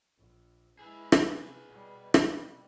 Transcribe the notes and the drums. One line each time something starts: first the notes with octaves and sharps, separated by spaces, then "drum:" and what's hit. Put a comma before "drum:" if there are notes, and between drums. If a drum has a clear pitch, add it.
A#1
G#3 E4 G#4 B4
drum: rim click
C3
B2 G3
drum: rim click